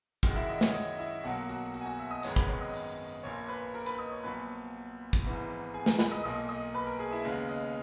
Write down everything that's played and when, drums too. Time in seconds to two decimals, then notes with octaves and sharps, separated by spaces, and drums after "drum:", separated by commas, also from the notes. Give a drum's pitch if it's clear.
0.23 F#2 D#3 G#3 F#4 F#5, drum: kick
0.36 E4 E5
0.49 D#5
0.61 C#5, drum: snare
0.74 D#5
0.99 E4 E5
1.23 B1 B2 F#3 A#3 F#4 F#5
1.49 F#4 F#5
1.74 F#4 F#5
1.81 G#5
1.86 F#4 F#5
1.99 E5 E6
2.11 D#5 D#6
2.23 G#1 F#2 D#3 G#3 B3 C#5 C#6, drum: tambourine
2.36 B4 B5, drum: kick
2.49 C#5 C#6
2.61 D#5 D#6
2.73 drum: open hi-hat
3.23 A#1 A#2 A#3 C#5 C#6
3.48 B4 B5
3.74 A#4 A#5
3.86 B4 B5, drum: hi-hat
3.99 D#5 D#6
4.12 C#5 C#6
4.23 A#1 A#2 F#3 B3 B4 B5
5.13 drum: kick
5.24 G#1 G#2 E3 B3
5.74 G#4 G#5
5.86 A#4 A#5, drum: snare
5.99 B4 B5, drum: snare
6.11 D#5 D#6
6.24 B1 A#2 A#3 D#5 D#6
6.49 D#5 D#6
6.74 B4 B5
6.87 A#4 A#5
6.99 G#4 G#5
7.11 E4 E5
7.24 D#2 C#3 G#3 B3
7.49 D#5